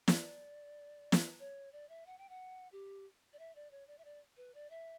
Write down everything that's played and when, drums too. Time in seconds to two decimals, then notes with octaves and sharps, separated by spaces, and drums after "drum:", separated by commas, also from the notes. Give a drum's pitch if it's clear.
0.08 D5, drum: snare
1.12 drum: snare
1.40 C#5
1.73 D5
1.89 E5
2.06 F#5
2.18 G5
2.29 F#5
2.72 G4
3.33 D5
3.39 E5
3.55 D5
3.71 C#5
3.88 D5
3.98 E5
4.05 D5
4.37 B4
4.54 D5
4.70 E5